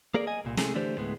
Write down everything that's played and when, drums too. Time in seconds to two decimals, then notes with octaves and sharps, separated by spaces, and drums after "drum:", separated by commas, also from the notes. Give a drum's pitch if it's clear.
0.14 A#3 G#4 A#4 D5
0.27 D#5 G#5
0.45 C2 A#2
0.57 C3 G#3 A3 G#4, drum: snare
0.74 D3 E3 A3 D4 G4 C5
0.97 D2 A2 G#3 B3